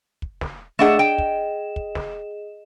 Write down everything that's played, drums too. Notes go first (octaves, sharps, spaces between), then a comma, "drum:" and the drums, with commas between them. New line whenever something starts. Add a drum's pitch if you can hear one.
drum: kick
drum: snare
A3 D4 G#4 D#5 F#5 E7
G5
drum: kick
drum: kick
drum: snare